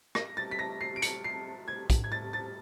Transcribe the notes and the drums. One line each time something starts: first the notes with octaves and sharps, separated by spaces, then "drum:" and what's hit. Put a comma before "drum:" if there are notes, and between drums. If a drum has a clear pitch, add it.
A#6, drum: rim click
A6
B6
A#6
C7
D7
C#7, drum: hi-hat
C7
G#6
drum: kick, hi-hat
G#6
A6
A6